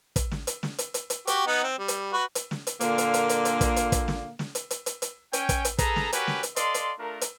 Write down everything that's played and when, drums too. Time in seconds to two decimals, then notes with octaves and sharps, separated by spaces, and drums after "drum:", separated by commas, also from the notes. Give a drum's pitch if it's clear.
0.16 drum: kick, hi-hat
0.31 drum: snare
0.47 drum: hi-hat
0.63 drum: snare
0.78 drum: hi-hat
0.94 drum: hi-hat
1.10 drum: hi-hat
1.27 F#4 G4, drum: hi-hat
1.47 B3 D#4 F#5
1.63 C4
1.79 G3
1.88 drum: hi-hat
2.13 F#4 B4
2.35 drum: hi-hat
2.51 drum: snare
2.67 drum: hi-hat
2.81 A#2 D3 A#3, drum: hi-hat
2.98 drum: hi-hat
3.14 drum: hi-hat
3.29 drum: hi-hat
3.45 drum: hi-hat
3.61 drum: kick, hi-hat
3.76 drum: hi-hat
3.92 drum: kick, hi-hat
4.08 drum: snare
4.39 drum: snare
4.55 drum: hi-hat
4.71 drum: hi-hat
4.86 drum: hi-hat
5.02 drum: hi-hat
5.33 C#4 G5 G#5, drum: hi-hat
5.49 drum: kick, hi-hat
5.65 drum: hi-hat
5.78 G#4 A4 B4 A#5, drum: kick, hi-hat
5.96 drum: snare
6.12 F#4 G4 A#4 B4 C#5 G#5, drum: hi-hat
6.27 drum: snare
6.43 drum: hi-hat
6.56 A4 D5 D#5 F5 C6, drum: hi-hat
6.74 drum: hi-hat
6.99 A3 D4 F4 A#4
7.21 drum: hi-hat